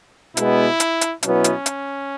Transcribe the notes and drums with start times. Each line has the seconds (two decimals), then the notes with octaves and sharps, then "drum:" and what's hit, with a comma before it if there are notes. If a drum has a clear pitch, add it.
0.37 B2 G#3 B3 E4, drum: hi-hat
0.80 drum: hi-hat
1.01 drum: hi-hat
1.23 B2 F#3 B3 C#4 E4, drum: hi-hat
1.44 drum: hi-hat
1.66 drum: hi-hat